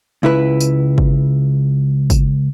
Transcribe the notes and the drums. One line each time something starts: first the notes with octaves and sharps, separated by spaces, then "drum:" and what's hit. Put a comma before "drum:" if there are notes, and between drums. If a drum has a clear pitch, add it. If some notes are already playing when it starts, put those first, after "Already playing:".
C#2 E4 B4
drum: tambourine
drum: kick
drum: kick, tambourine